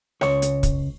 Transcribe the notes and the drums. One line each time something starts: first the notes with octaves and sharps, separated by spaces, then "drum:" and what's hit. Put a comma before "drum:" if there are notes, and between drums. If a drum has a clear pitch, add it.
C#2 C#5, drum: rim click
drum: hi-hat
drum: kick, hi-hat